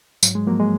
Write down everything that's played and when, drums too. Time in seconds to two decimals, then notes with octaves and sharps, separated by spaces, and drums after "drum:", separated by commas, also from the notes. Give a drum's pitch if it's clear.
0.23 G#2 F#3, drum: tambourine
0.35 G#3
0.47 F3 F#3 A#3
0.60 G#3